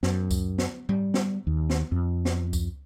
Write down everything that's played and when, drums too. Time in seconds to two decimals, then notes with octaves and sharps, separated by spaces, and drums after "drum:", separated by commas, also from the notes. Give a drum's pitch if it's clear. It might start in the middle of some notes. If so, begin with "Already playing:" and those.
0.03 F#2, drum: snare
0.31 drum: kick C#2, tambourine
0.58 drum: snare
0.89 G3, drum: tom
1.14 drum: snare
1.47 D#2
1.70 drum: snare
1.92 F2
2.25 drum: snare
2.53 drum: kick C#2, tambourine